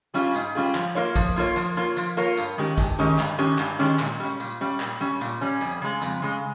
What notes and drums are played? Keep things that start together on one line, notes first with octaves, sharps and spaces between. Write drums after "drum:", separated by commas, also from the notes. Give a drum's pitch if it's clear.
G3 C#4 F4 G#4
G#2, drum: tambourine
G3 C#4 F4 G#4
F3, drum: clap
A#3 F4 A#4 C#5
F3, drum: kick, tambourine
A#3 F4 A#4 C#5
F3, drum: tambourine
A#3 F4 A#4 C#5
F3, drum: tambourine
A#3 F4 A#4 C#5
G2, drum: tambourine
D#3 G#3 C#4 G4
G2, drum: kick, tambourine
D#3 G#3 C#4 G4
G2, drum: clap
D#3 G#3 C#4 G4
G2, drum: clap
D#3 G#3 C#4 G4
A#2, drum: clap
G3 C#4
A#2, drum: tambourine
G3 C#4
A#2, drum: clap
G3 C#4
A#2, drum: tambourine
G3 C#4
F2, drum: tambourine
C#3 G#3
F2, drum: tambourine
C#3 G#3